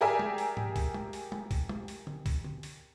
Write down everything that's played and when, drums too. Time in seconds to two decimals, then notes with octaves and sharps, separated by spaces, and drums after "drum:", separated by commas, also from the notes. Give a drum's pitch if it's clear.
0.01 G4 G#4 A#4 D5 E5 G#5
0.19 drum: tom
0.38 drum: open hi-hat
0.57 drum: tom
0.76 drum: kick, open hi-hat
0.94 drum: tom
1.13 drum: open hi-hat
1.32 drum: tom
1.51 drum: kick, open hi-hat
1.69 drum: tom
1.88 drum: open hi-hat
2.07 drum: tom D3
2.26 drum: kick, open hi-hat
2.44 drum: tom D3
2.63 drum: open hi-hat